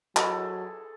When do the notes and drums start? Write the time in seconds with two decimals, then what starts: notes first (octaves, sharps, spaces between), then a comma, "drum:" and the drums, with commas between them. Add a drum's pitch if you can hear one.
0.17 F#3 G#4 A4 D#5 B5, drum: clap